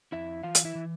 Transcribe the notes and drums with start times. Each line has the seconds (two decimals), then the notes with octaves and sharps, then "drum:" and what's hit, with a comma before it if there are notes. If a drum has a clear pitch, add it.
0.12 F2 E4 E5
0.43 E3 F4 F5
0.55 drum: hi-hat
0.65 E4 E5
0.75 E3